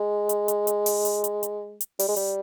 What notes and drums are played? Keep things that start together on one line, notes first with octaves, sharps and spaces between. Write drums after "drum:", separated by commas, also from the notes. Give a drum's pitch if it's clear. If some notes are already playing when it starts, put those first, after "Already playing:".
Already playing: G#3
drum: hi-hat
drum: hi-hat
drum: hi-hat
drum: open hi-hat
drum: hi-hat
drum: hi-hat
drum: hi-hat
drum: hi-hat
G3, drum: open hi-hat
G#3
G3, drum: hi-hat